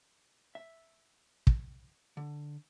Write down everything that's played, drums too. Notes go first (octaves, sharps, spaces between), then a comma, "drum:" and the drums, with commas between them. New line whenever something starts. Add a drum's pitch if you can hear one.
E5
drum: kick
D3